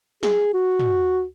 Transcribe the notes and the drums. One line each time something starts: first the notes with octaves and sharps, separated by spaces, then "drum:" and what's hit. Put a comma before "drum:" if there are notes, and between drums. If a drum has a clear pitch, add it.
G#4, drum: snare
F#4
drum: tom